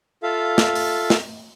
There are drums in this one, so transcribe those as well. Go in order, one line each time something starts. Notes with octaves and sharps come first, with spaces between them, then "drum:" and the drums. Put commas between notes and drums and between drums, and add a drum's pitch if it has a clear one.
F4 A4 E5 F5
drum: snare
drum: open hi-hat
drum: snare